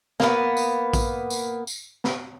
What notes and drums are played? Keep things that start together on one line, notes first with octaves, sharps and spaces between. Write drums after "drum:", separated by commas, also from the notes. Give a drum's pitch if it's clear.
A#3 B3, drum: snare
drum: tambourine
drum: kick A#1, tambourine
drum: tambourine
drum: tambourine
drum: snare